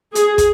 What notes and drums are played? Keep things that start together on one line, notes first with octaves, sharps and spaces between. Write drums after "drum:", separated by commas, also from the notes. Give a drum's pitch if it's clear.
G#4, drum: hi-hat
drum: kick, hi-hat